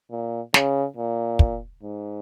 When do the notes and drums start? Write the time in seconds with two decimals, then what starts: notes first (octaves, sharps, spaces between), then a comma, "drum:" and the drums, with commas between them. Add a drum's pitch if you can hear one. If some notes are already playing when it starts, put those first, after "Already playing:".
0.11 A#2
0.54 C#3, drum: snare
0.97 A#2
1.39 drum: kick
1.83 G#2